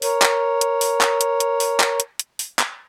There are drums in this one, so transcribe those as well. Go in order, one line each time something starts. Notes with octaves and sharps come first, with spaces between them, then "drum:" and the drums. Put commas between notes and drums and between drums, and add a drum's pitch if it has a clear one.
A#4 C#5, drum: open hi-hat
drum: clap
drum: hi-hat
drum: open hi-hat
drum: clap
drum: hi-hat
drum: hi-hat
drum: open hi-hat
drum: clap
drum: hi-hat
drum: hi-hat
drum: open hi-hat
drum: clap